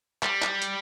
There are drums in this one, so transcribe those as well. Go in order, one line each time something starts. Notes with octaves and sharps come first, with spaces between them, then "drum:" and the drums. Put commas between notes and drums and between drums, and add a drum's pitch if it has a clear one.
G3, drum: clap
drum: clap
drum: hi-hat